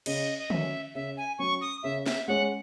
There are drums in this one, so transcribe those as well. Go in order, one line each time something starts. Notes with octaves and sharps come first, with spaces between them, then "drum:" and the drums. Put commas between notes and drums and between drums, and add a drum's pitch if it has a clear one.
C#3 D#5, drum: cymbal
D#5
F#3 C#4 E5, drum: tom
C#3 E5
G#5
F#3 C#4 C#6
D#6
C#3 E5
E5, drum: snare
G#3 C#4 G#4 C#5 F#5